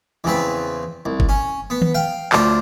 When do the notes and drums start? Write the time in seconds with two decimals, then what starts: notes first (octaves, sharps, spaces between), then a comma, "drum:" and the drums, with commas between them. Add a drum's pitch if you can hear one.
0.24 E2 C#3 C4 B4
1.06 C2
1.20 drum: kick F#1
1.29 C#4
1.70 B3
1.82 drum: tom D#3
1.94 F5 G5
2.33 D2 D4 F4 C5, drum: clap